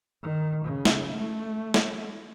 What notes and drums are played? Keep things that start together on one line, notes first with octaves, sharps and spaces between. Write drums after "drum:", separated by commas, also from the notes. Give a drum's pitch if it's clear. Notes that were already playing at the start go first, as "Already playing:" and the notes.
D#3
C#3
drum: snare
A3
drum: snare